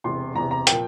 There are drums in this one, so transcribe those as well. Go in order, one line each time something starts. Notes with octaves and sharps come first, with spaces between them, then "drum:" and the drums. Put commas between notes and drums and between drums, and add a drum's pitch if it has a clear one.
E1 E2 C3 C6
E1 E2 C3 A#5
A#5
A#2 F3 G5, drum: hi-hat